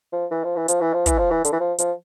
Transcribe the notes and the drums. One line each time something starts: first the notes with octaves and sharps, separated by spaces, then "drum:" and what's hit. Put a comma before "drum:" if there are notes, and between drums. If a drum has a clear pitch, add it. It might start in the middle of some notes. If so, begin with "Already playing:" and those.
F3
E3
F3
E3
F3, drum: hi-hat
E3
F3
E3, drum: kick, hi-hat
F3
E3
D3, drum: hi-hat
E3
F3
F3, drum: hi-hat